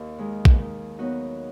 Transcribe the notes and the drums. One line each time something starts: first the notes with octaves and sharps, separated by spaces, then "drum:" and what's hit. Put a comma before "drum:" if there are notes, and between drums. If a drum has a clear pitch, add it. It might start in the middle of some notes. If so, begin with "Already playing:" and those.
Already playing: D#2
D#3 G#3
drum: kick
D#3
F#3 B3 D#4 F#4